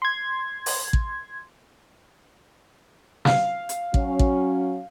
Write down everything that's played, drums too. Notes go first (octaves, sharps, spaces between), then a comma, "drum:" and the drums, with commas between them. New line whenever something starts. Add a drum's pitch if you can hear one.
C6 G#6
drum: open hi-hat
drum: kick
F5, drum: snare
drum: hi-hat
F#3 C#4, drum: kick
drum: kick